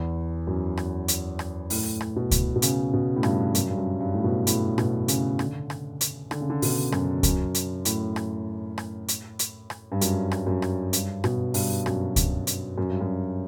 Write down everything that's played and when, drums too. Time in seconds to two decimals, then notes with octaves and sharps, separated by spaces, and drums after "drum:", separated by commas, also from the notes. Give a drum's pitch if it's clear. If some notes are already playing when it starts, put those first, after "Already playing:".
Already playing: E2
0.47 F#2
0.77 drum: rim click
1.08 drum: hi-hat
1.39 drum: rim click
1.70 A2, drum: open hi-hat
2.01 drum: rim click
2.16 B2
2.31 drum: kick C#2, hi-hat
2.56 B2
2.62 C#3, drum: hi-hat
2.93 B2
3.16 A2
3.23 G2, drum: rim click
3.55 F#2, drum: hi-hat
3.70 G2
3.78 F#2
4.01 G2
4.13 A2
4.24 B2
4.47 A2, drum: hi-hat
4.78 B2, drum: rim click
5.08 C#3, drum: hi-hat
5.39 D3, drum: rim click
5.70 drum: rim click
6.01 drum: hi-hat
6.31 D3, drum: rim click
6.41 C#3
6.50 D3
6.62 B2, drum: open hi-hat
6.92 F#2, drum: rim click
7.23 F#2, drum: kick C#2, hi-hat
7.55 drum: hi-hat
7.85 A2, drum: hi-hat
8.16 drum: rim click
8.78 drum: rim click
9.08 drum: hi-hat
9.39 drum: hi-hat
9.70 drum: rim click
9.92 G2
10.01 F#2, drum: hi-hat
10.31 drum: rim click
10.47 F#2
10.62 drum: rim click
10.93 G2, drum: hi-hat
11.24 B2, drum: rim click
11.54 G2, drum: open hi-hat
11.86 F#2, drum: rim click
12.16 drum: kick C#2, hi-hat
12.47 drum: hi-hat
12.78 F#2
12.90 G2
13.01 F#2